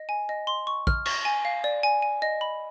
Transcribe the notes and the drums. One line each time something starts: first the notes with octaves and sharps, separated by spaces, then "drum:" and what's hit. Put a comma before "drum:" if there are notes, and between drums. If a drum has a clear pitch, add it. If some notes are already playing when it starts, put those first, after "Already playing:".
Already playing: D#5
G#5
D#5
C6
C#6
F6, drum: kick
C#6, drum: cymbal
G#5
F5
D5
G#5
G#5
D#5
B5